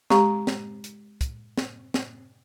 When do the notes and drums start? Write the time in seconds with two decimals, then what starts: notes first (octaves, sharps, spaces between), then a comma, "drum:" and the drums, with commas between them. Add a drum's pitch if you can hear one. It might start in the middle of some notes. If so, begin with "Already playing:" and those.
0.10 G#3 G4 A#5 C#6, drum: snare
0.47 drum: snare
0.84 drum: hi-hat
1.21 drum: kick, hi-hat
1.58 drum: snare
1.94 drum: snare